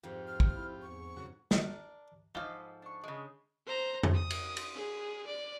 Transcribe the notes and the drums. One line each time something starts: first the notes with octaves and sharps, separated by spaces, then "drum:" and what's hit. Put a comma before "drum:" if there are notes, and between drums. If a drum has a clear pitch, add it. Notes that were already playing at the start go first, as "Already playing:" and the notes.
F2 G#2 F4 G4
F6
drum: kick
E4
E2 C#6
F#2 C#3 F#4
D#3 D4 D#4 F#4 A#4, drum: snare
G#2 F3 F4 A4 D#5 F5 B5
D4 C#6
C#3 G#3
C5 A#5
drum: tom F2
D#6
drum: cymbal
drum: cymbal
G#4
D5